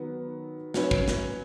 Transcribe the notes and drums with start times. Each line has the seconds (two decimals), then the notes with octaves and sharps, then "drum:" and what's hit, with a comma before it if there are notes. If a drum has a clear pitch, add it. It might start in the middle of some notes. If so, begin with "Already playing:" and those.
Already playing: D#3 F#3 B3
0.74 F#3 C#4 B4, drum: snare
0.91 drum: kick
1.08 drum: snare